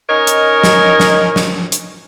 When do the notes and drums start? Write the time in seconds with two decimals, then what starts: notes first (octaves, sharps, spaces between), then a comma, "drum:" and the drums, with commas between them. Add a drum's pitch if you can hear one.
0.09 C#4 D#4 A#4 C#5 D#5
0.27 drum: hi-hat
0.64 drum: snare
1.00 drum: snare
1.36 drum: snare
1.72 drum: hi-hat